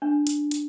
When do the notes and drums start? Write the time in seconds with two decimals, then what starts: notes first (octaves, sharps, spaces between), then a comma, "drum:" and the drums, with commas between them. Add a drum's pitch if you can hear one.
0.02 D4
0.27 drum: hi-hat
0.51 drum: hi-hat